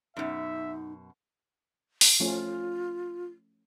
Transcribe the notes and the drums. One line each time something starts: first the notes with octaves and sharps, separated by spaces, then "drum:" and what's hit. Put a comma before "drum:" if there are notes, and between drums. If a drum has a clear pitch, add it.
F#2 B2 D#4 E5
drum: open hi-hat
F3 A3 C#4 F4